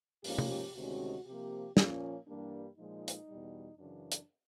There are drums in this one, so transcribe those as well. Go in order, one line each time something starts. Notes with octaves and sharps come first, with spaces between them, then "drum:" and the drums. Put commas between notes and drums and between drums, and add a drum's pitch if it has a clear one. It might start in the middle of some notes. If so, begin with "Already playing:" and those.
G#2 F3 A#3 C#4 G4, drum: open hi-hat
drum: tom C3
D2 C3 D#3 G#3 C#4 F#4
C3 F3 A#3 G4
A#2 F3 A#3 C#4, drum: snare
G2 E3 G3 A#3 D4
A#2 F3 G#3 D#4
drum: hi-hat
E2 B2 G3
F#2 C#3 E3 D4
drum: hi-hat